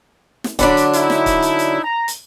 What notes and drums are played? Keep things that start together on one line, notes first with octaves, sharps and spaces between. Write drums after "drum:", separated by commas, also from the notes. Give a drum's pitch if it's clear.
drum: snare
D3 F#3 D4 D5 B5, drum: kick C#1, hi-hat
drum: hi-hat
D#4 E4, drum: hi-hat
drum: snare
drum: kick C#1, hi-hat
drum: hi-hat
drum: hi-hat
A#5
drum: hi-hat